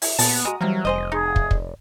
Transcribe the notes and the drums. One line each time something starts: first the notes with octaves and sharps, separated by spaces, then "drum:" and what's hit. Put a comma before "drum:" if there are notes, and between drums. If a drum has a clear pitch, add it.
E4, drum: open hi-hat
A#2 B3 A5, drum: open hi-hat
G#3 F#4 A#5 D#6
C3 E3 F#3 G3 A#3 A#4
F1 G#4 C5 D#5
D#4 G#4
drum: kick
drum: kick